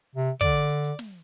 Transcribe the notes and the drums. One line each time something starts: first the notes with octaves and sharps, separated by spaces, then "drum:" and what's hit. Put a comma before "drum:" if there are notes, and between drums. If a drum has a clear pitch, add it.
C3
D3 D5, drum: kick, hi-hat
drum: hi-hat
drum: hi-hat
drum: hi-hat
drum: snare